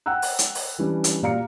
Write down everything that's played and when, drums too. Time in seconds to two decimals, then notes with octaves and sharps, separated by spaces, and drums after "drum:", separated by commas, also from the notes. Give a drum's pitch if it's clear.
0.06 F#5 G5 A#5 E6 F#6
0.22 drum: open hi-hat
0.39 drum: hi-hat
0.55 drum: open hi-hat
0.79 E3 G3 C#4 D4
1.04 drum: hi-hat
1.22 A#2 G4 D5 F5 A#5 C#7